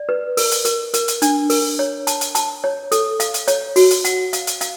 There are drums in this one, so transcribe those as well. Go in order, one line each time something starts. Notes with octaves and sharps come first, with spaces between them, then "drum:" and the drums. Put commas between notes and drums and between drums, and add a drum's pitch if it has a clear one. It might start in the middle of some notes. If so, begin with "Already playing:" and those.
Already playing: D5
B4
A#4, drum: open hi-hat
drum: hi-hat
A#4, drum: hi-hat
A#4, drum: hi-hat
drum: hi-hat
D4, drum: hi-hat
A#4, drum: open hi-hat
C#5
A5, drum: hi-hat
drum: hi-hat
A5, drum: hi-hat
C#5
A4, drum: hi-hat
F5, drum: hi-hat
drum: hi-hat
C#5, drum: hi-hat
F#4, drum: open hi-hat
drum: hi-hat
F#5, drum: hi-hat
F5, drum: hi-hat
drum: hi-hat
F5, drum: hi-hat